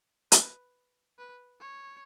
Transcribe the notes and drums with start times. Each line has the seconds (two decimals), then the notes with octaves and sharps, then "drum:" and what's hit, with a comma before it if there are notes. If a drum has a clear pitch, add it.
0.32 B4, drum: hi-hat
1.18 B4
1.60 C#5